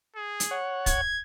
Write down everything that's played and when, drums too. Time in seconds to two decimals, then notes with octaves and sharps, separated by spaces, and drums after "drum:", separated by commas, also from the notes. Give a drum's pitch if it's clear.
0.16 G#4
0.40 drum: hi-hat
0.51 C#5 F#5
0.86 G#6, drum: kick, hi-hat